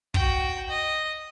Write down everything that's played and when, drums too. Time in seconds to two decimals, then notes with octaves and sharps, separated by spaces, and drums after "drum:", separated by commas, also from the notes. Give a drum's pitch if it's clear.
0.14 F#4 G5, drum: kick
0.69 D#5